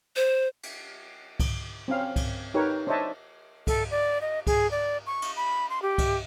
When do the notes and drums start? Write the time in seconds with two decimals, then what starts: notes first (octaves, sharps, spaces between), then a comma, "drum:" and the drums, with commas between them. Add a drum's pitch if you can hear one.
0.16 C5
0.63 drum: cymbal
1.40 drum: kick C2, cymbal
1.88 C4 C#4 F5
2.16 drum: kick C2, cymbal
2.54 D#4 G4 A#4 B4 C#5
2.87 D4 C5 C#5 D#5 E5 A5
3.67 A4, drum: kick C2, cymbal
3.91 D5
4.21 D#5
4.47 G#4, drum: kick C2, cymbal
4.71 D5
5.07 C#6
5.22 drum: cymbal
5.36 B5
5.70 C6
5.82 G4
5.98 drum: kick C2, cymbal